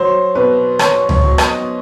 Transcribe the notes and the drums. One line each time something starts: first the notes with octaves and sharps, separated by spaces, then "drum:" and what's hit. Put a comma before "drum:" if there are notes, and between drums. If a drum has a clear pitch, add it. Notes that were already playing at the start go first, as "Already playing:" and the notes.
Already playing: F#3 C5
B2 B4
F#3 C#5, drum: rim click
C#5, drum: tom C#2
F#3
D#5, drum: rim click